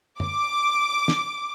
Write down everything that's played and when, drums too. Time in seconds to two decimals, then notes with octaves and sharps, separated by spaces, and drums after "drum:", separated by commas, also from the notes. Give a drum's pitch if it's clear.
0.20 D6, drum: tom F#2
1.08 drum: snare